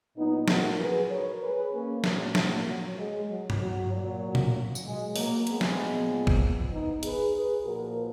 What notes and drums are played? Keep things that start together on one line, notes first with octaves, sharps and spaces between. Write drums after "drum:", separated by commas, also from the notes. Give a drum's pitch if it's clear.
A#2 F#3 B3 D#4
F#4 A#4, drum: snare
G#4 B4
A#4 C#5
G#4 B4
A#3 C#4
A#2 F#3, drum: snare
F#3 A#3, drum: snare
F#3
G#3
F#3
drum: tom G2
F#3
A#2 F#3
drum: tom A#2
drum: tambourine
G#3
F#3 A#3, drum: open hi-hat
G#3 B3, drum: hi-hat
drum: snare
A#2 F3
drum: kick
B3 D#4
G#4 B4, drum: hi-hat
G#4 B4
A#2 F3 F#4 A#4